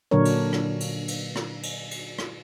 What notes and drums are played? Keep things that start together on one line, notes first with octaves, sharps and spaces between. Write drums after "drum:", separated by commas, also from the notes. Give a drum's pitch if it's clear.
A#2 D3 F#3 D4 A#4 C#5
drum: cymbal
drum: rim click
drum: cymbal
drum: cymbal
drum: rim click
drum: cymbal
drum: cymbal
drum: rim click